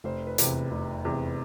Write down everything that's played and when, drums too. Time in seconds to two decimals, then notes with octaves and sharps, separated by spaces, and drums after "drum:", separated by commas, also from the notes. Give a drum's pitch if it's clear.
0.04 F1 C5
0.27 B4
0.38 E2 C3, drum: hi-hat
0.49 B4
0.71 F1
1.05 E2 C3